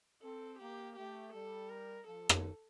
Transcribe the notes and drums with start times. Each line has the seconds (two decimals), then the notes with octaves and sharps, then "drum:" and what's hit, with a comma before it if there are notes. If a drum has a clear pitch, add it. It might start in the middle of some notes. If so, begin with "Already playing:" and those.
0.22 C4 A4
0.59 A#3 G4
0.96 A3 G4
1.33 G3 A4
1.70 A#4
2.07 F3 A4
2.29 drum: rim click